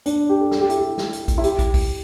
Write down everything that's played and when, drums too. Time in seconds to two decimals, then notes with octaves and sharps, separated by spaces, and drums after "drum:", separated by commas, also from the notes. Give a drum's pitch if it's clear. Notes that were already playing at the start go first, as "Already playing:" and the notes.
0.06 D4, drum: hi-hat
0.29 G4
0.41 A4
0.51 A4, drum: snare
0.60 G4
0.70 E4, drum: hi-hat
0.78 G4
0.98 drum: snare
1.13 drum: hi-hat
1.28 drum: kick, hi-hat
1.38 E4
1.44 G4, drum: hi-hat
1.59 drum: kick, hi-hat
1.74 drum: kick, open hi-hat